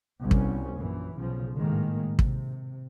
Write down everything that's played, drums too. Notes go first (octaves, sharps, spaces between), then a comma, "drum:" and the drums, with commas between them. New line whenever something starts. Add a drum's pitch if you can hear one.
C2 G2 B2 C#4
drum: kick
A#1 F#2 E3
B1 C#3 F3
G#1 A2 D#3 G#3 A#3
C3, drum: kick